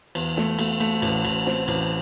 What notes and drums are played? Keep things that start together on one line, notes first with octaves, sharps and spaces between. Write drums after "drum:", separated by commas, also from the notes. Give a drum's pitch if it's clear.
E2, drum: cymbal
A3, drum: snare
A3, drum: cymbal
A3, drum: cymbal
A1, drum: cymbal
A1, drum: cymbal
C4, drum: snare
A1, drum: cymbal